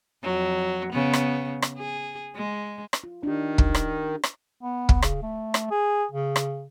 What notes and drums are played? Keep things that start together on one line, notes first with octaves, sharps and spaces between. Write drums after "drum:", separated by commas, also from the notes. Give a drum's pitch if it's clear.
F2 F#3
C#3 B3
drum: rim click
drum: rim click
G#4
G#3
drum: rim click
F4
D#3 D4 E4 G4
drum: kick
drum: rim click
drum: rim click
B3
drum: kick
C#3, drum: rim click
A3
drum: rim click
G#4
C#3
drum: rim click